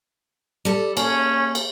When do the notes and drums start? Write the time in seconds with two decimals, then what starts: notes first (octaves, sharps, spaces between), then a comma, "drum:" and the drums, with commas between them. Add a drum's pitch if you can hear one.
0.65 G3 A4
0.97 A#3 C#4, drum: cymbal
1.55 drum: cymbal